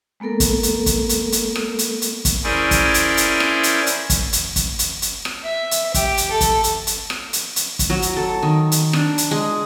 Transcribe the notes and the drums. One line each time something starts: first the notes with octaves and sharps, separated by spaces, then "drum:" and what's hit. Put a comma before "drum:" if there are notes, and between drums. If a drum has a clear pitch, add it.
G#3 A#3 B3 A4 A#4
drum: kick, hi-hat
drum: hi-hat
drum: kick, hi-hat
drum: hi-hat
drum: hi-hat
drum: rim click
drum: hi-hat
drum: hi-hat
drum: kick, hi-hat
C#4 E4 G#4 A#4 C5 D5
drum: kick, hi-hat
drum: hi-hat
drum: hi-hat
drum: rim click
drum: hi-hat
drum: hi-hat
drum: kick, hi-hat
drum: hi-hat
drum: kick, hi-hat
drum: hi-hat
drum: hi-hat
drum: rim click
E5
drum: hi-hat
G4, drum: kick, hi-hat
drum: hi-hat
A4
drum: kick, hi-hat
drum: hi-hat
drum: hi-hat
drum: rim click
drum: hi-hat
drum: hi-hat
drum: kick, hi-hat
F#3
drum: hi-hat
A4
D#3
drum: hi-hat
D4, drum: rim click
drum: hi-hat
G#3